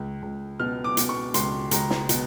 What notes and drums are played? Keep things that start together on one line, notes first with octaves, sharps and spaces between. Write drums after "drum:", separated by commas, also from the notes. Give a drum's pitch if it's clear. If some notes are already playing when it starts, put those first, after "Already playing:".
Already playing: C#2
C#2
B2 F6
D6
B2, drum: hi-hat
C#6
C#2 C6, drum: hi-hat
C#2 A#5, drum: hi-hat
drum: snare
B2, drum: hi-hat